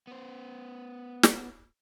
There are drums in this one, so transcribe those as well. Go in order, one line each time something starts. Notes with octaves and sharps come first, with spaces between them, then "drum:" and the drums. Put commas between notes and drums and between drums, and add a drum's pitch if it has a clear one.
B3 C5
drum: snare